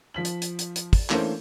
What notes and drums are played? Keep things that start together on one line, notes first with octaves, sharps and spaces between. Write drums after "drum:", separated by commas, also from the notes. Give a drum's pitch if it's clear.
F3 B6 F#7
drum: hi-hat
drum: hi-hat
drum: hi-hat
drum: hi-hat
drum: kick, open hi-hat
E3 A3 A#3 C#4 D4 C5, drum: clap